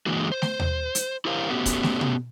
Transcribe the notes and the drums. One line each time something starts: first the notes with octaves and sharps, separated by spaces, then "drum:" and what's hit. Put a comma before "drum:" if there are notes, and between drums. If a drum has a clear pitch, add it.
D3 E3 G#3 A#3 F#4
C5
drum: snare A3
drum: tom D#2
drum: hi-hat
E4 G4 A#4 C5 F5
A3 B3 C#4 F#4 G4
drum: kick, hi-hat
drum: snare A3
drum: tom B2